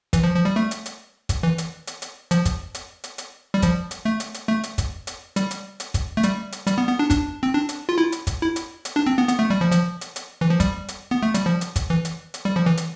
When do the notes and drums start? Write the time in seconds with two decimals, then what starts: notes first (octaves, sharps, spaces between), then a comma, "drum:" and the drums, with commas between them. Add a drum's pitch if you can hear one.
0.13 E3, drum: kick, hi-hat
0.23 F3
0.35 F3
0.45 G3
0.56 A3
0.71 drum: hi-hat
0.86 drum: hi-hat
1.29 drum: kick, hi-hat
1.43 E3
1.58 drum: hi-hat
1.87 drum: hi-hat
2.02 drum: hi-hat
2.31 F3, drum: hi-hat
2.45 drum: kick, hi-hat
2.75 drum: hi-hat
3.04 drum: hi-hat
3.18 drum: hi-hat
3.54 G3
3.62 F3, drum: kick, hi-hat
3.91 drum: hi-hat
4.05 A3
4.20 drum: hi-hat
4.34 drum: hi-hat
4.48 A3
4.63 drum: hi-hat
4.78 drum: kick, hi-hat
5.07 drum: hi-hat
5.36 G3, drum: hi-hat
5.51 drum: hi-hat
5.80 drum: hi-hat
5.94 drum: kick, hi-hat
6.17 A3
6.23 G3, drum: hi-hat
6.52 drum: hi-hat
6.67 G3, drum: hi-hat
6.78 B3
6.88 B3
6.99 D4
7.10 D4, drum: kick, hi-hat
7.43 C4
7.54 D4
7.69 drum: hi-hat
7.89 F4
7.98 E4
8.12 drum: hi-hat
8.27 drum: kick, hi-hat
8.42 E4
8.56 drum: hi-hat
8.85 drum: hi-hat
8.96 D4
9.06 C4
9.18 B3
9.28 B3, drum: hi-hat
9.39 A3
9.50 G3
9.61 F3
9.72 F3, drum: hi-hat
10.01 drum: hi-hat
10.16 drum: hi-hat
10.41 E3
10.49 F3
10.60 G3, drum: kick, hi-hat
10.88 drum: hi-hat
11.11 B3
11.23 A3
11.34 G3, drum: hi-hat
11.46 F3
11.61 drum: hi-hat
11.76 drum: kick, hi-hat
11.90 E3
12.05 drum: hi-hat
12.34 drum: hi-hat
12.45 G3
12.56 F3
12.66 E3
12.77 drum: hi-hat